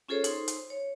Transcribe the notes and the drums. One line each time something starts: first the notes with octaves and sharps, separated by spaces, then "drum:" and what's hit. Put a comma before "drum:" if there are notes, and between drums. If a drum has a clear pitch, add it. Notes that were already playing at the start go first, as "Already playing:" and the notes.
C#4 F4 G#4 A4 C5 C#5
D#4 C5 C6, drum: hi-hat
drum: hi-hat
C#5